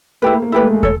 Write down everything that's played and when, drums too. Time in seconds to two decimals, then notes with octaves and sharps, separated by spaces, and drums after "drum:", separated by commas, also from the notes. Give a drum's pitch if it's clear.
0.22 A3 E4 G4 B4
0.32 A#3
0.42 A#3
0.52 A3 E4 G4 B4
0.63 G#3
0.73 G#3
0.83 A4 C#5, drum: kick